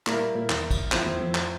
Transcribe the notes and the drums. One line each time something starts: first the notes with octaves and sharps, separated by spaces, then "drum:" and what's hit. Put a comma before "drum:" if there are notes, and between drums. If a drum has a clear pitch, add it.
A#2 G3 A#3 E4 A#4 E5, drum: clap
A#2
E2, drum: clap
drum: kick, cymbal
F2 A2 F3 C4 E4, drum: clap
E2
F2
drum: clap